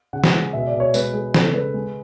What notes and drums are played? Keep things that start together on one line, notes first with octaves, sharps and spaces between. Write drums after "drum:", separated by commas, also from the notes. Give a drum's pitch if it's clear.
C#3 F#5
drum: snare
G#3
B2 E5
D5
B2
C#5
G#3 B4, drum: tambourine
G#3 G#4
C#3 A4, drum: snare
G#3 B4
G#3